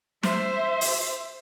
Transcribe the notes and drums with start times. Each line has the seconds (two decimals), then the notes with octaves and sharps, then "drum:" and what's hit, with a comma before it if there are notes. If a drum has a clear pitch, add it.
0.23 C5 E5, drum: snare
0.81 drum: open hi-hat